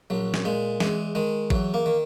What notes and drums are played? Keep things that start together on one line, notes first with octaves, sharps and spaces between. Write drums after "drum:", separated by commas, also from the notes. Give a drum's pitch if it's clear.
A#1 F#3
drum: snare
A#2 G#3
E2 G#3, drum: snare
D#3 G#3
E2 F#3, drum: kick A1
A#3
D#3